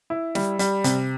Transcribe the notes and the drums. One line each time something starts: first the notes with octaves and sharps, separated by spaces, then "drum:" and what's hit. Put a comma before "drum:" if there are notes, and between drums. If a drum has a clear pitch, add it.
E4
G3, drum: snare
G3, drum: hi-hat
C3, drum: hi-hat